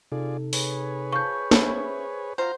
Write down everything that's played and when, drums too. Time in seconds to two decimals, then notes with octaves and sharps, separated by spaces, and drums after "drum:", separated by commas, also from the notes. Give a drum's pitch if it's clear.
0.12 C3 D#4 F4 G#4 A4 D5
0.53 G#4 B4 C#5, drum: open hi-hat
1.12 F3 C#6 G6
1.51 C#4 E4 C5, drum: snare
2.38 F#3 F4 C5 A#5 F6